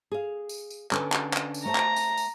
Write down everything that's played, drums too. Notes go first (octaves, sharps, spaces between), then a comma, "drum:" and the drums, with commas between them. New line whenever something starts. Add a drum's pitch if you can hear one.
G#4 F5
drum: tambourine
drum: tambourine
D3 C#4 B4, drum: clap
drum: clap
drum: clap
drum: tambourine
A3 C5 A5 A#5
drum: clap
drum: tambourine
drum: tambourine